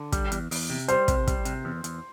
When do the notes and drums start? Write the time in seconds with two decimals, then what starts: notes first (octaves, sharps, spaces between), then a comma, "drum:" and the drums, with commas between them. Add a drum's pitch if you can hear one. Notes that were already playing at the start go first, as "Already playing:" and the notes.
Already playing: D3
0.12 G3, drum: kick, hi-hat
0.32 E2, drum: hi-hat
0.51 E2, drum: open hi-hat
0.70 C3
0.88 G3 C5, drum: hi-hat
1.08 C3, drum: kick, hi-hat
1.27 G3, drum: kick, hi-hat
1.45 C3, drum: hi-hat
1.65 E2
1.84 E2, drum: hi-hat